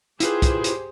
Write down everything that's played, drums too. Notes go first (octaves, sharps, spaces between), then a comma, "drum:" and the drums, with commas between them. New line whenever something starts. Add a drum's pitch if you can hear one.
E4 F4 G4 G#4 B4 C5, drum: hi-hat
drum: kick, hi-hat
drum: hi-hat